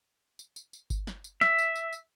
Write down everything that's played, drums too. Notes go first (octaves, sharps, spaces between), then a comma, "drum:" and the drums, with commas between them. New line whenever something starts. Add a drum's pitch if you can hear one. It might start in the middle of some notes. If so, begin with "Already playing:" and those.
drum: tambourine
drum: tambourine
drum: tambourine
drum: kick G1, tambourine
drum: snare
drum: tambourine
E5, drum: snare
drum: tambourine
drum: tambourine
drum: tambourine